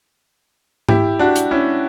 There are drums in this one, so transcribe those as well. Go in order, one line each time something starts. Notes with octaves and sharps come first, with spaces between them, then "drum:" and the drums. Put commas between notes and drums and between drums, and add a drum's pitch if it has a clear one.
E4 G4, drum: tom G#2
D4 F#4
drum: hi-hat
C#4 E4